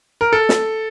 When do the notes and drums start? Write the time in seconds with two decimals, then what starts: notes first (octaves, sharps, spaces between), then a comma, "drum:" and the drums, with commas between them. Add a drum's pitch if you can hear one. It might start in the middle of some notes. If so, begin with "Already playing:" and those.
0.21 A#4
0.33 A4
0.49 drum: snare